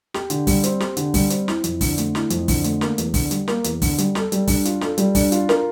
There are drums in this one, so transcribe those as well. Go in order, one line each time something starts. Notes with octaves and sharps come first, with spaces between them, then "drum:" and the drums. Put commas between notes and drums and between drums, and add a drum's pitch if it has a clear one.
G4, drum: snare
D3, drum: hi-hat
G3, drum: kick, open hi-hat
C4, drum: hi-hat
G4, drum: snare
D3, drum: hi-hat
G3, drum: kick, open hi-hat
C4, drum: hi-hat
E4, drum: snare
F2, drum: hi-hat
D3, drum: kick, open hi-hat
A3, drum: hi-hat
E4, drum: snare
F2, drum: hi-hat
D3, drum: kick, open hi-hat
A3, drum: hi-hat
A#3, drum: snare
E2, drum: hi-hat
D3, drum: kick, open hi-hat
G3, drum: hi-hat
A#3, drum: snare
E2, drum: hi-hat
D3, drum: kick, open hi-hat
G3, drum: hi-hat
A4, drum: snare
G3, drum: hi-hat
D4, drum: kick, open hi-hat
F4, drum: hi-hat
A4, drum: snare
G3, drum: hi-hat
D4, drum: kick, open hi-hat
F4, drum: hi-hat
A#4, drum: snare